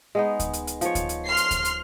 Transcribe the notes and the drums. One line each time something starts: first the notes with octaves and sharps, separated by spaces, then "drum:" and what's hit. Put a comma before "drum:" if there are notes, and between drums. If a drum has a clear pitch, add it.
G#3 B3 D#4
drum: kick D2, hi-hat
drum: hi-hat
drum: hi-hat
F3 C#5, drum: hi-hat
drum: kick D2, hi-hat
drum: hi-hat
C6 F6 C7
drum: hi-hat
drum: kick D2, hi-hat
drum: hi-hat